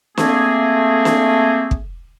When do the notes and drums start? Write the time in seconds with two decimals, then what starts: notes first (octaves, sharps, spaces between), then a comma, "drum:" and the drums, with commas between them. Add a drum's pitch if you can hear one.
0.17 A3 A#3 C4 G#4, drum: snare
1.05 drum: snare
1.71 drum: kick